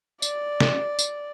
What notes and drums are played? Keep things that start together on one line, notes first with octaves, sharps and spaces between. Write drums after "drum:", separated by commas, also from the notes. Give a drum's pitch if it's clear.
D5, drum: tambourine
drum: snare
drum: tambourine